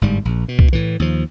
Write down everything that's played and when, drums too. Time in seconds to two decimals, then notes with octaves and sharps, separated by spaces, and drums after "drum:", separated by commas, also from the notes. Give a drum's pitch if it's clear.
0.01 G1 G#2 G3
0.25 A#1
0.48 B2
0.59 drum: kick
0.73 A2 E3
1.00 D#2 F3